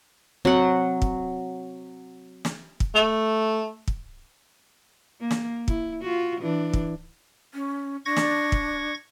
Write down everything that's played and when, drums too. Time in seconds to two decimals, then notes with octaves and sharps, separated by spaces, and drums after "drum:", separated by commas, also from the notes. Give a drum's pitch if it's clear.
0.45 F#3 C4 F#5
1.02 drum: kick
2.45 drum: snare
2.80 drum: kick
2.95 A3
3.88 drum: kick
5.21 A#3
5.31 drum: snare
5.68 E4, drum: kick
6.02 F4 F#4
6.41 E3 D4
6.73 drum: kick
7.54 C#4
8.06 D4 C#6 G#6 A#6
8.16 drum: snare
8.52 drum: kick